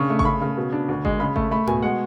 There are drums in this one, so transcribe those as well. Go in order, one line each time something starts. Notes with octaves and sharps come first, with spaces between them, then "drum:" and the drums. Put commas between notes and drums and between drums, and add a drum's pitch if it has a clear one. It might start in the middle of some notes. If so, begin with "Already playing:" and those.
Already playing: C#3 D4 C#6
A3
C#6, drum: kick G#1
C#3 B5
C#3
B2
D4
D2
G#3, drum: kick G#1
C#3 B5
A3, drum: kick G#1
A3 B5
B2 G#5, drum: tom G#2
G#3 F#5